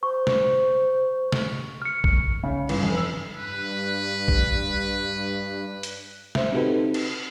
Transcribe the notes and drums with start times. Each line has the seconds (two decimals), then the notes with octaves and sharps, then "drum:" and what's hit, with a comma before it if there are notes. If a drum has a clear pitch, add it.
0.03 C5 C#6
0.27 drum: snare
1.32 drum: snare
1.82 F6 C#7
2.04 drum: kick
2.43 C#3
2.69 G1, drum: cymbal
2.83 F1
2.95 E6
3.37 G2 B4
4.28 drum: kick
5.83 drum: hi-hat
6.35 C5 E5, drum: snare
6.52 C4 D#4 F#4 G4 A4 B4
6.94 drum: cymbal